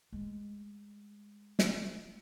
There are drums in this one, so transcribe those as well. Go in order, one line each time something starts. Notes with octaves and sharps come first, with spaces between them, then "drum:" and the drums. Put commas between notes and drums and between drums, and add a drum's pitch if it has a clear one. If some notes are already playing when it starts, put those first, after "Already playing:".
G#3 A3
drum: snare